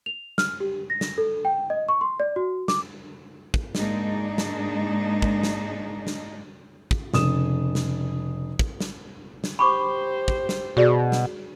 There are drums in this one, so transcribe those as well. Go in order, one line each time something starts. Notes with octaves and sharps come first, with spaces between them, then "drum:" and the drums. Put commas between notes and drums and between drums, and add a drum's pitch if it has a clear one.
F7
F6, drum: snare
G4
A#6
drum: snare
A4
G5
D#5
C#6
C6
D5
F#4
D6, drum: snare
drum: kick
G#2 G#3 A#3 D4 D#4, drum: snare
drum: snare
drum: kick
drum: snare
drum: snare
drum: kick
F1 C#3 D#6 E7, drum: snare
drum: snare
drum: kick
drum: snare
drum: snare
G4 C5 B5 C#6 D6
drum: kick
drum: snare
B2 F#4 G#4 D5
drum: snare